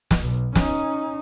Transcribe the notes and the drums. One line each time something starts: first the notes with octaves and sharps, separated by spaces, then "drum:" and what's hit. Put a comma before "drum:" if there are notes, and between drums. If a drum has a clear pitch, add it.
drum: snare
B1
C#4 D#4, drum: snare